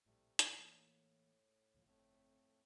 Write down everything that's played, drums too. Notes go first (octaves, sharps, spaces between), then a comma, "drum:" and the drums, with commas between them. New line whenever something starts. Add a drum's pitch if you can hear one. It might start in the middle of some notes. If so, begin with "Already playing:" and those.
A#1 A2 C3 G3 A3
A2 C#3, drum: hi-hat
E3 A#3
D2 A#2 F3
G1 F2 A2 A3 C4